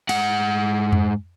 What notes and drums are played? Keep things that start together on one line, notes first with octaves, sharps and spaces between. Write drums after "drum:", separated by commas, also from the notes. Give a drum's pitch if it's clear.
G#2 F#5, drum: cymbal
drum: tom F2